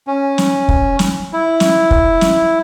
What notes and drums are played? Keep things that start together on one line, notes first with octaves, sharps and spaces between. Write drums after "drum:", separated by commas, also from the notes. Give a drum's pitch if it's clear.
C#4
drum: snare
drum: kick
drum: snare
E4
drum: snare
drum: kick
drum: snare